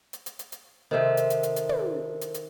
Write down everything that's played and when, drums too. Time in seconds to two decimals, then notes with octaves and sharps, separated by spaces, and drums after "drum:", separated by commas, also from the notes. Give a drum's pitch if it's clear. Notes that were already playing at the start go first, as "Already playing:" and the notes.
0.13 drum: hi-hat
0.26 drum: hi-hat
0.39 drum: hi-hat
0.52 drum: hi-hat
0.91 C3 D#3 A4 A#4 C5
1.17 drum: hi-hat
1.30 drum: hi-hat
1.43 drum: hi-hat
1.56 drum: hi-hat
1.69 drum: tom
2.21 drum: hi-hat
2.34 drum: hi-hat